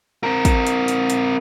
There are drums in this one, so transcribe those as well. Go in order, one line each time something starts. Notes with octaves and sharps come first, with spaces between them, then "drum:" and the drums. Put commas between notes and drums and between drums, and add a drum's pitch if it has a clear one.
C4 A#4
drum: kick, hi-hat
drum: hi-hat
drum: hi-hat
drum: hi-hat